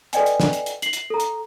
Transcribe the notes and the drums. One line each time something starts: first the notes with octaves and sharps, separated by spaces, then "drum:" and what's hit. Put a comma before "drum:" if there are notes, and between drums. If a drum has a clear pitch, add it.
A4 B4 D5 D#5 G5 G#5, drum: hi-hat
drum: hi-hat
drum: snare
drum: hi-hat
drum: hi-hat
C7 F#7, drum: hi-hat
drum: hi-hat
A4 A#5
drum: hi-hat